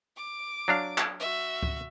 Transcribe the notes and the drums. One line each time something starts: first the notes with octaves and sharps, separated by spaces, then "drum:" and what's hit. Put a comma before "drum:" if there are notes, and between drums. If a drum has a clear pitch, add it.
D6
F#3 D4 F5
drum: clap
F#4 E5
drum: kick C#2